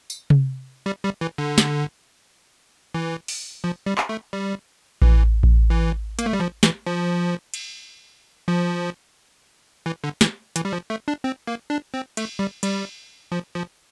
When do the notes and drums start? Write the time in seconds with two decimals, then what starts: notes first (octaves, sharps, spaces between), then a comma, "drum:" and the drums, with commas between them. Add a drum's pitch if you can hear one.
0.10 drum: tambourine
0.30 drum: tom C3
0.86 G3
1.04 G3
1.21 E3
1.38 D3
1.58 drum: snare
2.94 E3
3.28 drum: open hi-hat
3.64 F3
3.86 G3
3.98 drum: clap
4.09 A3
4.33 G3
5.02 E3, drum: kick A1
5.43 drum: kick A1
5.70 E3
6.19 A#3, drum: hi-hat
6.26 A3
6.33 G3
6.40 F3
6.63 E3, drum: snare
6.86 F3
7.54 drum: cymbal
8.48 F3
9.86 E3
10.04 D3
10.21 E3, drum: snare
10.56 E3, drum: hi-hat
10.65 G3
10.73 F3
10.90 A3
11.08 D4
11.24 C4
11.47 A#3
11.70 D4
11.94 C4
12.17 A3, drum: cymbal
12.39 G3
12.63 G3, drum: cymbal
13.32 F3
13.55 F3